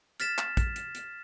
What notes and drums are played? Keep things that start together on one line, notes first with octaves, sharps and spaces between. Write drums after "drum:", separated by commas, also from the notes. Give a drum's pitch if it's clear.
F6 A6 B6 E7, drum: hi-hat
drum: clap
drum: kick, hi-hat
drum: hi-hat
drum: hi-hat